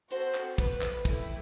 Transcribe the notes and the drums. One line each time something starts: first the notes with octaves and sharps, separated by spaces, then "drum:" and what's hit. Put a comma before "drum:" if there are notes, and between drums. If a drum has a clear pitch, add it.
C4 F#4 A4 C5, drum: hi-hat
drum: clap
B4, drum: kick, hi-hat
drum: clap
A3 E4 G4, drum: kick, hi-hat